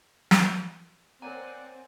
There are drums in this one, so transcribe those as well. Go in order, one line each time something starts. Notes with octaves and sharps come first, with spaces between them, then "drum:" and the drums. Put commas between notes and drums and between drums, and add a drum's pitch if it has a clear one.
drum: snare
C4 A#4 C#5 D5 F#5 G#5 A#5